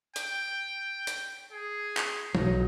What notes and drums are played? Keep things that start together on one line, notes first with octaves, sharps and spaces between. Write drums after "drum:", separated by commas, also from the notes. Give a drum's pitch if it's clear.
G5, drum: hi-hat
drum: hi-hat
G#4
drum: clap
B1 F#3 D#4, drum: tom E3